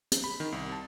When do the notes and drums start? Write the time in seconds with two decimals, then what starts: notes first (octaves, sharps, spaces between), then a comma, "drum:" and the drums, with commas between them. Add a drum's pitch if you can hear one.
0.12 drum: hi-hat
0.24 B5
0.40 D#3
0.52 C2
0.72 A5